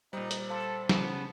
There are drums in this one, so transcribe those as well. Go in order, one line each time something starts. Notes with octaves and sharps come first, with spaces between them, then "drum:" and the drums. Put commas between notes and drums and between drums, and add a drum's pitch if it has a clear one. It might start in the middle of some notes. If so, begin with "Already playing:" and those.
A#2 G3 D#4 C5
drum: hi-hat
A4 C5 F5 C6
C#3 B3 A5, drum: snare